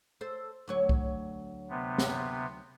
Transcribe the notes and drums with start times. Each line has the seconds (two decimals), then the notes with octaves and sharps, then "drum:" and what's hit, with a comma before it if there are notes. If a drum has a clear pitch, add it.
0.21 A4 C5
0.68 D2 F#3 C#5
0.89 drum: kick C2
1.69 C3 B3
1.98 drum: snare